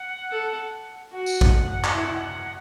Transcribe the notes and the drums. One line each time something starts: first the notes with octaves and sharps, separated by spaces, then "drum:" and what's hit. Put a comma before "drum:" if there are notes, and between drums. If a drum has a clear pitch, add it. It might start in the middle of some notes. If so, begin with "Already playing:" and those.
Already playing: F#5
A4
F#4 F#5
drum: tambourine
drum: kick G#1
drum: clap
E4